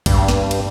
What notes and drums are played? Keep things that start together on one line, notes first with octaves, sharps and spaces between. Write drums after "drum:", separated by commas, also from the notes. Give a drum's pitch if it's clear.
G2, drum: kick, cymbal
drum: snare
drum: cymbal